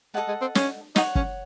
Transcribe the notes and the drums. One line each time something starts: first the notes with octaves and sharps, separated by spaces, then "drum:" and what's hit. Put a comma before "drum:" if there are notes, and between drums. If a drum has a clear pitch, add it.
G#3 A4 D#5 F#5 A5
G#3
C4
C#4, drum: snare
D#4 C#5 F#5 C#6, drum: snare
C#4, drum: kick